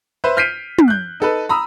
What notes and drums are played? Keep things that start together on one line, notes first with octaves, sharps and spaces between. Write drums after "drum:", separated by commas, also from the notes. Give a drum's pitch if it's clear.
B4 C5 E5
F6 G6 B6 C7 D7 D#7
drum: tom
F#6 G6
D#4 A4 B4
A#5 B5 D#6 E6